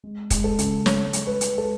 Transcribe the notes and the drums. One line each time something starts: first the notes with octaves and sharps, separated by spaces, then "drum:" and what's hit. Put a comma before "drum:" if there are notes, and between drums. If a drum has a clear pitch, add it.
G#3
G#3, drum: kick, hi-hat
A4
C#3, drum: hi-hat
C#3 C#5, drum: snare
G#3, drum: hi-hat
B4
G#3, drum: hi-hat
A4